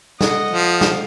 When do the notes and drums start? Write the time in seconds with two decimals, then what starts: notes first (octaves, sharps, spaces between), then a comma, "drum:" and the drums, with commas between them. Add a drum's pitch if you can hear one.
0.21 A4 D#5 F#5, drum: snare
0.51 F3
0.81 drum: snare